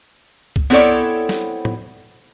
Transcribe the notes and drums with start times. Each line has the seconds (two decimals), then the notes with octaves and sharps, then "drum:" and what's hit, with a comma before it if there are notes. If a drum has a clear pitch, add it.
0.56 drum: kick C2
0.70 B3 C4 E4 A4 C#5 D5
1.29 drum: snare
1.65 drum: tom